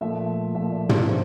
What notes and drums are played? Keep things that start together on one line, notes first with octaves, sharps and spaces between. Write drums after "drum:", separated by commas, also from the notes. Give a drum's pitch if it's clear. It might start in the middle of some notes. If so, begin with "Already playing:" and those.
A#2 F3 A3 E5
A#2 F3 A3 E5
D5
C#5, drum: tom
A#2 F3 A3 C5